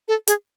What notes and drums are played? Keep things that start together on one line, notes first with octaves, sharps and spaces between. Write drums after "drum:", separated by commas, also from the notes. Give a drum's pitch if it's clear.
A4
G#4, drum: hi-hat